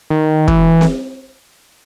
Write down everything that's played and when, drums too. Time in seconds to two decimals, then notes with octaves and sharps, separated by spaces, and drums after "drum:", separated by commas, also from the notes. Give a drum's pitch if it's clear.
0.10 D#3
0.48 E3, drum: kick
0.81 drum: snare C4